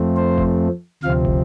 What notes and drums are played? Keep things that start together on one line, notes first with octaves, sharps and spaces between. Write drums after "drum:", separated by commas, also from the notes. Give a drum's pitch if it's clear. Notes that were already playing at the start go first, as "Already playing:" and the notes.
Already playing: F2 F3 A3 C4
C5
drum: kick
D2 C3 F3 C4 F5
drum: kick